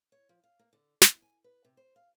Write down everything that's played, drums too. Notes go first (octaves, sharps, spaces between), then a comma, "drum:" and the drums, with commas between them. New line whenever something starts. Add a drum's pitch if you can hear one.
C#5
F3
F5
A#3
D3
E2, drum: snare
G#5
B4
C3
C5
F5